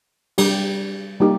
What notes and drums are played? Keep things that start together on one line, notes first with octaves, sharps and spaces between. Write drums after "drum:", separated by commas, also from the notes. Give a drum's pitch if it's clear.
G3 D4 G4, drum: cymbal
G3 A#3 D#4 G4